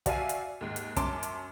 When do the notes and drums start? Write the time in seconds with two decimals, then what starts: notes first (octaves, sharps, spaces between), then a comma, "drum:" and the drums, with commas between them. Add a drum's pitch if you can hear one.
0.06 F#4 D5 E5 F5 G#5, drum: kick, hi-hat
0.29 drum: hi-hat
0.61 D#2 G#2
0.76 drum: hi-hat
0.96 F#2 C#4 A5 C6 D6 D7, drum: kick, hi-hat
1.23 drum: hi-hat